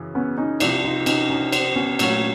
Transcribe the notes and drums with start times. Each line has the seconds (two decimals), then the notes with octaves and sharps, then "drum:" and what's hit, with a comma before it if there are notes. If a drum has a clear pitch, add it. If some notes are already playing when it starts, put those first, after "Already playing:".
Already playing: F#2 C#3 E3
0.15 B3 C#4
0.37 C#4 D#4
0.60 C2 C3 F3 D4 E4, drum: cymbal
0.84 D#4 F4
1.06 C#4 D#4, drum: cymbal
1.30 C#4 D#4
1.52 C4 D4, drum: cymbal
1.76 B3 C#4
1.99 A#2 F#3 A3 C#4, drum: cymbal